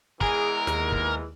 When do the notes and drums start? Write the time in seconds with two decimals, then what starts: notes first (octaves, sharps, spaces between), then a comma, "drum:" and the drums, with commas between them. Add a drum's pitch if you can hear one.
0.21 E2 E3 G#3 G#4 A#4 D7, drum: kick
0.67 D#2, drum: snare
0.92 drum: kick